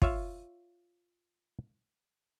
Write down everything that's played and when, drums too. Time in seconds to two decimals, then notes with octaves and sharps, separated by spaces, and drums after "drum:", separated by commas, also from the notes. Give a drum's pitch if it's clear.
0.02 F4 C#5 E5 F5, drum: kick